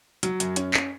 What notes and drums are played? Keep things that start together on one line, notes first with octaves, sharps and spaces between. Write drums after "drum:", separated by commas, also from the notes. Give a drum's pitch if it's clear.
F#3, drum: hi-hat
F#2, drum: hi-hat
C#4, drum: hi-hat
drum: clap